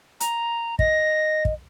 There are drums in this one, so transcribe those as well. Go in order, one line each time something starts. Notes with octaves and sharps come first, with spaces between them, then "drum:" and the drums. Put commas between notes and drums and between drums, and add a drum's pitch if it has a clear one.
A#5, drum: hi-hat
D#5 A#6, drum: kick
drum: kick